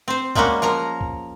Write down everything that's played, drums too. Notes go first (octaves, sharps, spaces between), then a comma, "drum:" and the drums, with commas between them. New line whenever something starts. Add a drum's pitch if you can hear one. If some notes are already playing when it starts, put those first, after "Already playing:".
C4 C5
G3 G#3 A#3 C#4 F#4, drum: kick C#2
F3 A#4 A#5
drum: kick C#2